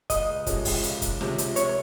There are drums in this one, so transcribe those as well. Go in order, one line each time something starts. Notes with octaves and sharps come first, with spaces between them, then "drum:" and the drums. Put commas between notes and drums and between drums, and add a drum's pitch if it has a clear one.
C#2 D#5, drum: kick, hi-hat
C3 F3 G#3 C#4, drum: kick, hi-hat
drum: kick, open hi-hat
C#2, drum: hi-hat
drum: kick, hi-hat
C3 F3 G#3 C#4, drum: snare
drum: hi-hat
C3 C#5, drum: hi-hat